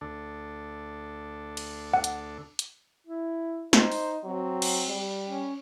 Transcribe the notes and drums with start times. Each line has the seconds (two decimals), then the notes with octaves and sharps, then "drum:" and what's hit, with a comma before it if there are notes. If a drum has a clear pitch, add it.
0.01 D2 D4 A4
1.57 drum: cymbal
1.94 F#5
2.04 drum: hi-hat
2.59 drum: hi-hat
3.07 E4
3.73 D#4 C5, drum: snare
3.92 drum: open hi-hat
4.24 F#3 C4
4.62 drum: cymbal
4.88 G3
5.24 C#4